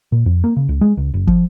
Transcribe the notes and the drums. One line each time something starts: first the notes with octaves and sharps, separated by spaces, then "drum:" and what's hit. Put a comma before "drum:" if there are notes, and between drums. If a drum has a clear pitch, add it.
A#2
F2
A#3
C#3
C#2
G#3
C#2
F#1
F3, drum: kick